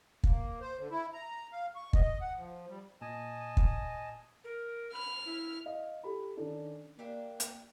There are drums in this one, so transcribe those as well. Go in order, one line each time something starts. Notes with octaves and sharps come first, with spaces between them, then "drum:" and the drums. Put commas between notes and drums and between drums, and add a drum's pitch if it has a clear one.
A#3, drum: kick
C5
D3
E4
A#5
F5
C#6
D#5, drum: kick
F#5
F3
G3
A#2 D#5 G#5 A5
drum: kick
A#4
B5 F6
E4
D#5 F5
G4 A4 B5
D#3 C#4 D4 A4
A#3 D4 G4 E5
drum: hi-hat